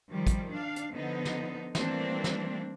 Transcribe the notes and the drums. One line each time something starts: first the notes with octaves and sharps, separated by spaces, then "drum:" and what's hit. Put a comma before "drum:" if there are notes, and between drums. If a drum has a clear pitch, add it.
D#3 F3 G3
drum: kick, hi-hat
D4 F5
drum: hi-hat
D3 F3 B3 D#4
drum: snare
E3 G3 A3 A#3 C4 D4, drum: snare
drum: snare